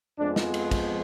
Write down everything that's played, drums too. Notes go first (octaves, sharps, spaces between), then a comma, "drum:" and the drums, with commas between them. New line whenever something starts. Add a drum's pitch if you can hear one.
F2 F3 G#3 B3 D4
drum: snare
drum: cymbal
drum: kick, cymbal